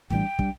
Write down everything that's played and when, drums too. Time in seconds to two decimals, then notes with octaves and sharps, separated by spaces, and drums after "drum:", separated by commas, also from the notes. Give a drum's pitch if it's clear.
0.10 A2 E3 G3 D4 G5, drum: kick
0.39 G3 D4, drum: kick